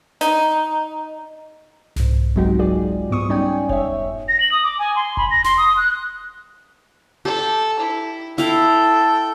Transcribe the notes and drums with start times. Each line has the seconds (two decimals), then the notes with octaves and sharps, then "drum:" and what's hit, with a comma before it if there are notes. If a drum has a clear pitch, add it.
0.21 D#4, drum: hi-hat
1.96 C2 G#2, drum: snare
2.36 F#3 G#3 C4 D#4 F#4 G4, drum: kick F1
2.59 F4 G#4 D5
3.10 G#2 B3 C#6 D#6
3.29 G3 C#4 D#4 D5 G5 G#5
3.69 C#5 E5, drum: kick F1
4.28 A#6
4.40 F#7
4.51 D#6
4.64 D6
4.79 G#5
4.96 C6
5.17 B5, drum: kick F1
5.31 A#6
5.44 C6, drum: snare
5.57 D#6
5.77 F#6
7.25 G4 A4
7.80 E4
8.38 E4 A4 F5 G5, drum: snare